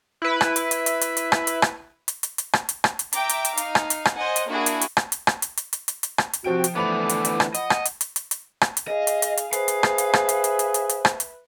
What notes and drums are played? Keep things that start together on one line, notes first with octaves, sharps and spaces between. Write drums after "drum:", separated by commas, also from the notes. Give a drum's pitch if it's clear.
E4 B4
drum: rim click
drum: hi-hat
drum: hi-hat
drum: hi-hat
drum: hi-hat
drum: hi-hat
drum: rim click
drum: hi-hat
drum: rim click
drum: hi-hat
drum: hi-hat
drum: hi-hat
drum: rim click
drum: hi-hat
drum: rim click
drum: hi-hat
E5 G5 A#5 D6, drum: hi-hat
drum: hi-hat
drum: hi-hat
D#4 F5, drum: hi-hat
drum: rim click
drum: hi-hat
drum: rim click
C5 D#5 F#5 G#5
drum: hi-hat
A#3 D4 E4 F#4 G#4
drum: hi-hat
drum: hi-hat
drum: rim click
drum: hi-hat
drum: rim click
drum: hi-hat
drum: hi-hat
drum: hi-hat
drum: hi-hat
drum: hi-hat
drum: rim click
drum: hi-hat
C3 F3 C4 F#4 G5 D7
drum: hi-hat
D3 E3 F3 A3 B3 B5 D6 F7
drum: hi-hat
drum: hi-hat
drum: rim click
D#5 F#5, drum: hi-hat
drum: rim click
drum: hi-hat
drum: hi-hat
drum: hi-hat
drum: hi-hat
drum: rim click
drum: hi-hat
G#4 D#5 F5
drum: hi-hat
drum: hi-hat
drum: hi-hat
G#4 B4 C5 E5 F5, drum: hi-hat
drum: hi-hat
drum: rim click
drum: hi-hat
drum: rim click
drum: hi-hat
drum: hi-hat
drum: hi-hat
drum: hi-hat
drum: hi-hat
drum: rim click
drum: hi-hat